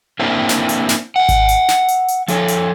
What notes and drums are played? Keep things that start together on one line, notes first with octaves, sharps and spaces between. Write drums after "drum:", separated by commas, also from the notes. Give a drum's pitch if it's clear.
A#3 C4 D4 E4
drum: snare
drum: hi-hat
drum: snare
E5 F#5
drum: kick G#1, hi-hat
drum: hi-hat
drum: snare
drum: hi-hat
drum: hi-hat
F3 A4 C#5, drum: hi-hat
drum: hi-hat